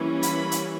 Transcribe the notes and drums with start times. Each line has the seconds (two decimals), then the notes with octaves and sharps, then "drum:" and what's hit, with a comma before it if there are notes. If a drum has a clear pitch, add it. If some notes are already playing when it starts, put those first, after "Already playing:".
Already playing: E3 G3 A#3 C#4
0.23 B5, drum: hi-hat
0.52 drum: hi-hat